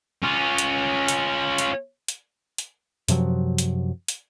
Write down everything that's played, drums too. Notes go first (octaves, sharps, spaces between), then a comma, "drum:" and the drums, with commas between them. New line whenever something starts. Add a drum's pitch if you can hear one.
C#4 F4
drum: hi-hat
drum: hi-hat
drum: hi-hat
drum: hi-hat
drum: hi-hat
F#2 C3 F3 F#3, drum: hi-hat
drum: hi-hat
drum: hi-hat